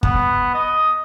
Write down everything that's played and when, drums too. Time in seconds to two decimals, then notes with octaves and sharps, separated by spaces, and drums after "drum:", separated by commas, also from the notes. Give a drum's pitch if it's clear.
0.03 B3, drum: kick
0.55 D#5